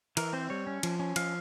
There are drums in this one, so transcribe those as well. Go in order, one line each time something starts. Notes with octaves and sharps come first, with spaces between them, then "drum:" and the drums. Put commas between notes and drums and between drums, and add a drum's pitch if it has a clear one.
E3 A#4, drum: cymbal
C4 C5
G3 C#5
C#4
F3, drum: cymbal
C#4
F3 F5, drum: cymbal